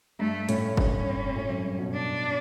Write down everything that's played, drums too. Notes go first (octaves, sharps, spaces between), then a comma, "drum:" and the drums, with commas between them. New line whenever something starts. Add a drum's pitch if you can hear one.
G2 A3
A2 C#4, drum: hi-hat
G2 C#4, drum: kick
A2
F#2
G2
B2
D4